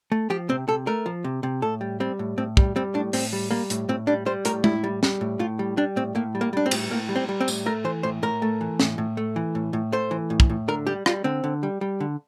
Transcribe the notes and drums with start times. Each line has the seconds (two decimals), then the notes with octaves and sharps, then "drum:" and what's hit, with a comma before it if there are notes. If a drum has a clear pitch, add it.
0.12 A3
0.30 F3 G4
0.49 C3 C4
0.68 C3 A4
0.87 A3 A#4
1.06 F3
1.24 C3
1.43 C3
1.62 A2 A4
1.81 G3
2.00 G3 C4
2.19 A2
2.38 A2 C4
2.57 G3, drum: kick
2.76 G3 C4
2.94 A2 D4
3.13 A2 C4, drum: open hi-hat
3.33 G3
3.51 G3 A#3
3.70 A2, drum: hi-hat
3.89 A2 C4
4.07 G3 D4
4.26 G3 C5
4.45 A2 A#4, drum: hi-hat
4.64 A2 E4, drum: tom
4.84 G3
5.03 G3, drum: snare
5.21 A2
5.39 A2 F4
5.59 G3
5.77 G3 D4
5.96 A2 C4
6.15 A2 A#3
6.35 G3
6.41 A#3
6.53 G3 D4
6.66 C4
6.71 A2, drum: cymbal
6.90 A2 A#3
7.09 G3
7.16 C4
7.29 G3
7.41 C4
7.48 A2, drum: tambourine
7.66 A3 A#4
7.84 E3 C5
8.03 A2 C5
8.23 A2 A#4
8.42 A3
8.61 E3
8.80 A2, drum: snare
8.98 A2
9.17 A3
9.36 E3
9.55 A2
9.73 A2
9.92 A3 C5
10.11 E3
10.30 A2
10.40 drum: kick
10.50 A2
10.68 D3 A#4
10.87 G3 G4
11.06 G3 F4, drum: rim click
11.24 D3 C4
11.44 D3
11.63 G3
11.81 G3
12.00 D3